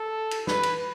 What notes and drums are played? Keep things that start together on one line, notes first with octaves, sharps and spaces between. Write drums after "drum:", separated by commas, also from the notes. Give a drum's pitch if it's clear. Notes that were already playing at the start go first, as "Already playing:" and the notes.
Already playing: A4
drum: cymbal
B4, drum: snare
drum: cymbal